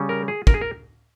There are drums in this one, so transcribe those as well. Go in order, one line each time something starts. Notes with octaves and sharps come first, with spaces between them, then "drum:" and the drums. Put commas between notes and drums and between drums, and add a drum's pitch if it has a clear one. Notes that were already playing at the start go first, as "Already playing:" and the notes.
Already playing: C#3 G3 C#4
A#4
G#4
A#4, drum: kick
G#4
A#4